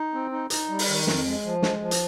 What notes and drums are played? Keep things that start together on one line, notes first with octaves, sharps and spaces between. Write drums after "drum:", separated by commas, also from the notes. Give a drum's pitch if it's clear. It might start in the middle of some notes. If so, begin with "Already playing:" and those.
Already playing: D#4
C4
D#4
D#4, drum: hi-hat
G3
drum: open hi-hat
D#3
F2, drum: snare
G#3
F3
G#3, drum: snare
F3
drum: hi-hat